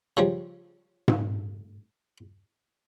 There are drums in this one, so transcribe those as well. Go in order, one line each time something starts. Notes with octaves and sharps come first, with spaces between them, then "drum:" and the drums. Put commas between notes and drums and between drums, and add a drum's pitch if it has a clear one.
C#3 F3 G3
drum: tom G#2